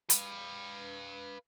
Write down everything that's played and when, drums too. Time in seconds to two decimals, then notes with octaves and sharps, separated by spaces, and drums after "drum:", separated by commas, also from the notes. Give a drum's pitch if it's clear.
0.10 B4 F5, drum: hi-hat